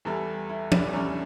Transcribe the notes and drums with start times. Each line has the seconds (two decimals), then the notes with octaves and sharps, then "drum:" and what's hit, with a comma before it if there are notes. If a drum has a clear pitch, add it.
0.05 E2 E3 G3 A4
0.49 E4
0.72 D4, drum: tom F3
0.93 E2 E3 G3 C#4